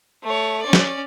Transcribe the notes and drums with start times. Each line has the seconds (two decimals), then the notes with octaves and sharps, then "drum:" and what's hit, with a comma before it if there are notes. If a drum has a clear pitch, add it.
0.23 A3 C#5
0.63 C#4 D5
0.73 drum: snare